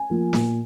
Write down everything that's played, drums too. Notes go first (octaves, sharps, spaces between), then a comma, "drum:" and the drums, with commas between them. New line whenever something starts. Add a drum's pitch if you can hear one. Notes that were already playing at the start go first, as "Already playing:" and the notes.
Already playing: G#5
F3 A#3
A#2, drum: snare